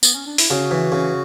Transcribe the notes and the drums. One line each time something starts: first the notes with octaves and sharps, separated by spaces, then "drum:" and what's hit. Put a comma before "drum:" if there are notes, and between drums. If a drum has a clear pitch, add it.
B3, drum: tambourine
C#4
D4
E4, drum: open hi-hat
C#3 F#4
E3
C#3